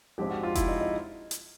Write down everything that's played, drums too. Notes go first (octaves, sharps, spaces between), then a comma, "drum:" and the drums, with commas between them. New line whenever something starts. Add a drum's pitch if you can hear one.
A#1 G#2 F3 G#3 C4 G4
F#4
F4
E4, drum: kick F1, hi-hat
D#4
D#4
drum: hi-hat